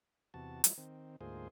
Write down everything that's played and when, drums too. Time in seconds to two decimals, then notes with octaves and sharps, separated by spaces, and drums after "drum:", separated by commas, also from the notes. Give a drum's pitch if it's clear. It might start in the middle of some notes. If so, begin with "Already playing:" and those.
0.34 E2 C3 F#4 A5
0.64 F3 F#3 G#3 E4, drum: hi-hat
0.78 D#3 C4
1.21 D2 G#2 A#3 F4 G#4 C5